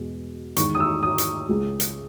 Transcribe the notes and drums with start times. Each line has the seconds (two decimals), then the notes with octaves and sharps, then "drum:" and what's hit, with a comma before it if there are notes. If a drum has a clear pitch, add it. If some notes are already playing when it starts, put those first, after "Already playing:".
Already playing: E2 B2 G#3
0.56 E2 D#3 G#3 C#6, drum: hi-hat
0.75 D#6
0.80 E6
1.03 D#6
1.18 drum: hi-hat
1.49 C#2 C#3 G#3
1.80 drum: hi-hat